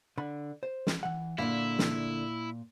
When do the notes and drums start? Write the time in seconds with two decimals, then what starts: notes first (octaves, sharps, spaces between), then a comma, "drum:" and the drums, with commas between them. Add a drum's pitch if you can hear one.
0.18 D3 B5
0.63 C5
0.87 drum: snare
1.03 E3 F#5
1.38 A#2 D3 A#3 E4 F5
1.79 drum: snare